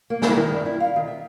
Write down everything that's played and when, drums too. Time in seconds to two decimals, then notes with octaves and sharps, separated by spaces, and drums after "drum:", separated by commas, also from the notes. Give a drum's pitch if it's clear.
0.10 A#3
0.22 E4, drum: snare
0.36 D#3
0.52 G2
0.66 E4
0.80 F5
0.96 D#3
1.08 E5